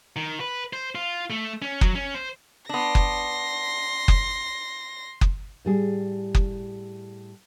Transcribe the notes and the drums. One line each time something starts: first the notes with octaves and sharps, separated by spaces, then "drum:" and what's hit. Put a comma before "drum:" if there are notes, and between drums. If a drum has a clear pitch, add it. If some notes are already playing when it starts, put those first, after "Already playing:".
D#3
B4
C5
F4
A3
C#4
F#3, drum: kick F#1
C#4
C5
B3 D4 C6 A#6
drum: kick F#1
drum: kick F#1
drum: kick F#1
A2 G3 G#4
drum: kick F#1